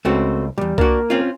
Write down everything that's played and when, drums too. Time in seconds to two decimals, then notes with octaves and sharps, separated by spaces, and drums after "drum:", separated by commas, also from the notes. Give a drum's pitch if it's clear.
0.05 C#2 A3 C4 F#4
0.58 B1 E2 G3
0.78 A#3 D4 F#4 A#4, drum: kick C2
1.10 C4 C#4 F4